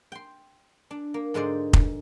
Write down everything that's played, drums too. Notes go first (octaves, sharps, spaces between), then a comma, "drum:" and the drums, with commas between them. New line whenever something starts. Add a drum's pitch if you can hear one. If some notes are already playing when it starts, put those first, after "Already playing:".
G5 C6
D4
A#3
G#2 D3 G#3 D#4 C5 D5
drum: kick F1